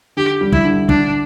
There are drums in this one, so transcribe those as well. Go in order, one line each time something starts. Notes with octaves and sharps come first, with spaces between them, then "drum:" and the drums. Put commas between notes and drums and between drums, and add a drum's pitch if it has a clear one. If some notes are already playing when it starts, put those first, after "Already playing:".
D3 G4
G3
E4, drum: kick
D3
D3 D4, drum: kick